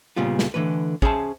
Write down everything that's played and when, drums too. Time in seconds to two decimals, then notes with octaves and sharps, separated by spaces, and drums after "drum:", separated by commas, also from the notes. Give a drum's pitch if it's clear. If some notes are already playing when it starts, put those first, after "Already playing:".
0.16 A#2 C#3 G3 B3 F4
0.39 drum: snare
0.54 D3 E3 A3 B4
1.02 C#4 G#4 C5 E5 G#5 A5, drum: kick